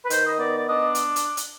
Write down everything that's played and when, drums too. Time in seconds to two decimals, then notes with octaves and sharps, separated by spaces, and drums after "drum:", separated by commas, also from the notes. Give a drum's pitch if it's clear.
0.05 B4
0.10 D#3 C5, drum: hi-hat
0.26 D#5
0.38 B3 D5
0.57 D5
0.67 D4 D#5
0.95 drum: hi-hat
1.16 drum: hi-hat
1.37 drum: hi-hat